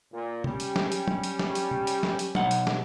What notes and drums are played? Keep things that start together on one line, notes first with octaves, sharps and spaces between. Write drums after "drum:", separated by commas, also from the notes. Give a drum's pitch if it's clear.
A#2
G3 C#4 G4, drum: tom
drum: hi-hat
drum: snare
drum: hi-hat
drum: tom
drum: hi-hat
drum: snare
drum: hi-hat
drum: tom
drum: hi-hat
drum: snare
drum: hi-hat
B1 F#5, drum: tom
drum: hi-hat
drum: snare